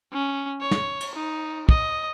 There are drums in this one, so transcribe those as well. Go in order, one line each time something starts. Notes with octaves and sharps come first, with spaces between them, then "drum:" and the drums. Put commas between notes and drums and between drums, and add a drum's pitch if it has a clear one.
C#4
C#5
drum: snare
drum: cymbal
D#4
D#5, drum: kick